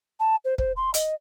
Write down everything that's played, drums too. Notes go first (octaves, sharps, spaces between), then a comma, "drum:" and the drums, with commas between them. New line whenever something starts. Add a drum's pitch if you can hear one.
A5
C5
C5, drum: kick
C6
D#5, drum: hi-hat